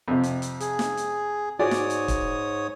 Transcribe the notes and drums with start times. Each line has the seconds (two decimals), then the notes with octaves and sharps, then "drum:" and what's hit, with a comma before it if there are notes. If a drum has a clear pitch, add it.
0.08 F2 C3
0.23 drum: hi-hat
0.42 drum: hi-hat
0.60 G#4, drum: hi-hat
0.79 drum: snare
0.97 drum: hi-hat
1.59 G#2 F#4 C#5 D5 G#5 D#6
1.71 drum: snare
1.90 drum: hi-hat
2.08 drum: kick, hi-hat